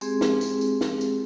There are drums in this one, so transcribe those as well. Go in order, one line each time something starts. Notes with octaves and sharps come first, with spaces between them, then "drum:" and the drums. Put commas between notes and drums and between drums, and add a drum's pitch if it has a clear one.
G#3 C4 G4 G#4, drum: tambourine
drum: snare
drum: tambourine
drum: tambourine
drum: snare
drum: tambourine